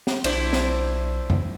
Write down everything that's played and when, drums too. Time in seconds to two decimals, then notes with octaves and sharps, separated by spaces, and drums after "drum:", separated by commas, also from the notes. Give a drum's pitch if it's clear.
0.07 drum: snare
0.24 B1 D4 E4 C5, drum: cymbal
0.53 drum: snare
1.30 drum: tom F2